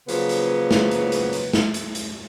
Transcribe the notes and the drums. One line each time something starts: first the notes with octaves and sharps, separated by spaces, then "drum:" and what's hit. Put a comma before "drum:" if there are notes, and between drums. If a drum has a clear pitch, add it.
C#3 F3 F#3 A#3 B3, drum: hi-hat
drum: hi-hat
drum: snare
drum: hi-hat
drum: hi-hat
drum: hi-hat
drum: snare
drum: hi-hat
drum: hi-hat